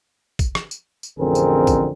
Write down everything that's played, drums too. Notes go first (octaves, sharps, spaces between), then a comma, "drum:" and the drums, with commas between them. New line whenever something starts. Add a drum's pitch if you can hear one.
drum: kick, tambourine
drum: rim click
drum: tambourine
drum: tambourine
A1 F2 D3 C4 G#4 A#4
drum: tambourine
drum: kick, tambourine